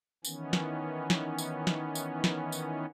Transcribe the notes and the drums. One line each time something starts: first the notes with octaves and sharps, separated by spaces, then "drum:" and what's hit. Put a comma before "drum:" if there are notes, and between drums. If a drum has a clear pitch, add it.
D#3 E3 B3 C#4, drum: tambourine
drum: snare
drum: snare
drum: tambourine
drum: snare
drum: tambourine
drum: snare
drum: tambourine